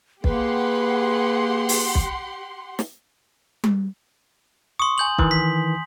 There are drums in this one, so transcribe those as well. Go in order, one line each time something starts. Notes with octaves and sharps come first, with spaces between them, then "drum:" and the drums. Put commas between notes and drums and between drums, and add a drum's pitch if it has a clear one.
A#3 G4 G#4 B4 F#5 C6, drum: kick
drum: open hi-hat
drum: kick
drum: snare
drum: tom G3
C6 C#6 D#6
G#5 G6 F#7
D#3 E3, drum: kick
B6